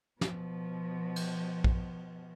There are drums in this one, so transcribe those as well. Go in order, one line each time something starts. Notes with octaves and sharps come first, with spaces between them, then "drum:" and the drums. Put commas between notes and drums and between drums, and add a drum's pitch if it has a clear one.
B2 F3, drum: snare
drum: cymbal
drum: kick